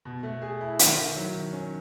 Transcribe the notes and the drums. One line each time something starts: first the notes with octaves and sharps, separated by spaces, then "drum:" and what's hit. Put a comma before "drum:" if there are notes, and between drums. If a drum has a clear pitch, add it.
B2
A3
G#4
E4
D#3, drum: hi-hat
D#3
F#3
D#3
C#4